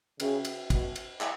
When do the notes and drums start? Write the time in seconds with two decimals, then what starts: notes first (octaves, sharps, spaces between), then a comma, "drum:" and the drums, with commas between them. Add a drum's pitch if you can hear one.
0.20 C#3 C#4 F#4 B4 E5 G5, drum: cymbal
0.45 drum: cymbal
0.70 B2, drum: kick, cymbal
0.96 drum: cymbal
1.21 E4, drum: clap